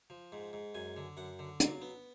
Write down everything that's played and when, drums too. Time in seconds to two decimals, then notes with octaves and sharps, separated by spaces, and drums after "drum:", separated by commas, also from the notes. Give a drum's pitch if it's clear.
0.10 F3
0.32 G#2
0.53 G#2
0.74 F#2 G#5
0.97 D3
1.17 F#2 F#5
1.39 D3
1.60 F#3 F5, drum: hi-hat
1.82 B3